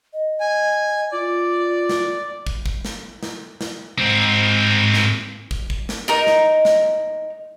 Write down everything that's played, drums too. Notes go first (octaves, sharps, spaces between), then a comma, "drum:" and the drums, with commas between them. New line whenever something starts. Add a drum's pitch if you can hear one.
D#5
G#5
F4 D5
drum: snare
drum: kick
drum: kick
drum: snare
drum: snare
drum: snare
G#2 C4
drum: snare
drum: kick
drum: kick
drum: snare
D#4 A#4 D#5
drum: snare
drum: snare